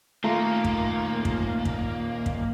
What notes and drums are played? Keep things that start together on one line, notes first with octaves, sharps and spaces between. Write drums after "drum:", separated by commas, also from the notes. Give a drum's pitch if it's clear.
A#2 D#3 A3 A#3 F4 A#5
drum: kick
drum: kick
drum: kick
drum: kick